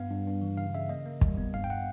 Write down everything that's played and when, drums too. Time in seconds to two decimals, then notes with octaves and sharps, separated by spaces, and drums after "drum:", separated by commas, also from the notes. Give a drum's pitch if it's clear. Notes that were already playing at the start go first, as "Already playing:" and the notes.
Already playing: G2 B3 F5
0.10 G2
0.27 G2
0.42 E3
0.57 C#3 F5
0.75 C#3 E5
0.89 A#3 D#5
1.06 A#3
1.21 G3, drum: kick
1.37 B3
1.54 G2 F5
1.64 G5
1.70 F#5